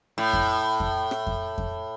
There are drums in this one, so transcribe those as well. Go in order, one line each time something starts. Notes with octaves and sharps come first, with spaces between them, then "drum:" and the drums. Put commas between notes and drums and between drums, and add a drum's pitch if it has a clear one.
A2
drum: kick F2
drum: kick F2
drum: rim click
drum: kick F2
drum: kick F2